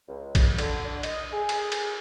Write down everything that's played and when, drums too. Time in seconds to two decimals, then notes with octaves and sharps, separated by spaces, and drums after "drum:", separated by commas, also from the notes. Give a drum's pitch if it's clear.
0.08 C#2
0.35 drum: kick, cymbal
0.58 D3, drum: cymbal
0.86 D3
1.03 D#5, drum: cymbal
1.33 G#4
1.49 drum: cymbal
1.72 drum: cymbal